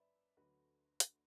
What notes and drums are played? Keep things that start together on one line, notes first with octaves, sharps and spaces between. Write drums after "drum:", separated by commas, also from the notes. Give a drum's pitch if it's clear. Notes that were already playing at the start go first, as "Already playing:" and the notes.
Already playing: F#2 B4 D5 E5
D2 D3 F#3 F#4 B4
drum: hi-hat